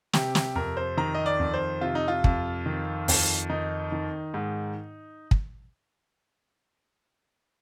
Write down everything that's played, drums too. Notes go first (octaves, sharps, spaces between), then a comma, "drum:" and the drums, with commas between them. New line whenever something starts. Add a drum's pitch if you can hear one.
C3 G4, drum: snare
G4, drum: snare
F2 A#4
C5
D#3 A#5
D#5
D5
F2
C5
C3 F4
D#4
F4
F2, drum: kick
D#3
F2, drum: open hi-hat
D#3 D#4
D#3
G#2
drum: kick